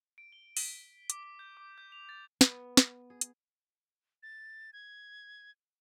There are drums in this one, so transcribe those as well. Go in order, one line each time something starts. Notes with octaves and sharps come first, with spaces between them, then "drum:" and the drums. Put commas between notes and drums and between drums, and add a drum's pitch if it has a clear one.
D7
G7
B6, drum: open hi-hat
D6, drum: hi-hat
D6
G6
D6
G6
F7
A6
B3, drum: snare
drum: snare
G#4
drum: hi-hat
A6
G#6